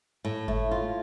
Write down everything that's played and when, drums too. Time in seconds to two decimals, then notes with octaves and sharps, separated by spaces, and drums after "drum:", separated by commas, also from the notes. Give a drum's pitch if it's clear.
0.25 A2
0.48 A3, drum: kick G1
0.71 F4